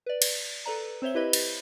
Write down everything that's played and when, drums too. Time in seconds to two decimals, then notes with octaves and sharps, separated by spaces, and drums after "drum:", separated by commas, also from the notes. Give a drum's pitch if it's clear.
0.06 B4 D5
0.22 drum: cymbal
0.66 A4 B4 D5 A#5
1.02 C4 C5 C#5 E5 G7
1.15 E4 G4 B4 D#5 B5
1.33 drum: cymbal